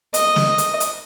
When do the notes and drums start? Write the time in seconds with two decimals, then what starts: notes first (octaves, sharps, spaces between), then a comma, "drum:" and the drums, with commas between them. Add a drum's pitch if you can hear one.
0.14 D#5, drum: hi-hat
0.36 drum: snare
0.58 drum: hi-hat
0.80 drum: hi-hat